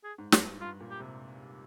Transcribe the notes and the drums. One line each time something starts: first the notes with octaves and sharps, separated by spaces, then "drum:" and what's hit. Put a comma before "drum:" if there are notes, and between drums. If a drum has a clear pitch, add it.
G#4
G#2
G2 G4, drum: snare
G2 F4
A#2
G4
C3